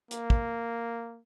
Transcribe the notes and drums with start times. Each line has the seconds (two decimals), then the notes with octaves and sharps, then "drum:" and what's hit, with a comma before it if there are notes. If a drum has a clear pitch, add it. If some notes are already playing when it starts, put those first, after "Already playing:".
0.11 A#3, drum: hi-hat
0.30 drum: kick